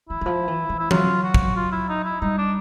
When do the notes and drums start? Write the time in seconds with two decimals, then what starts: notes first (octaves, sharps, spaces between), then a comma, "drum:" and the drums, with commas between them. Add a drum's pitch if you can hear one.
0.09 E3 E4
0.21 E3
0.26 F3
0.48 E3
0.69 E3
0.79 E4
0.91 F#3 F4, drum: tom E3
1.23 F#4
1.34 drum: kick
1.56 F4
1.72 E4
1.89 D#4
2.04 E4
2.21 G3 D#4
2.38 D4